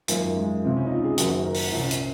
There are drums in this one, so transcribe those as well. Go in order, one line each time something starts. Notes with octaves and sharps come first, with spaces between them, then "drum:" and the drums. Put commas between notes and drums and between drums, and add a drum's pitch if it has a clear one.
G#1 F#2 F3 A#3, drum: hi-hat
G#3
C#2 C3 F3 C4
C#4
D#4
F4
G#4
F#1 F#2 D#3 F#4, drum: hi-hat
A#4
drum: open hi-hat
C2 A#2 F3 C#4
drum: hi-hat